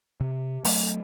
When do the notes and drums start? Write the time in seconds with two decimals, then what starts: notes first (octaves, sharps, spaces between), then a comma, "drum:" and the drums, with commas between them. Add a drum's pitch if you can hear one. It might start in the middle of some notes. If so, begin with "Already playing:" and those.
0.21 C3
0.65 F#3 A3, drum: open hi-hat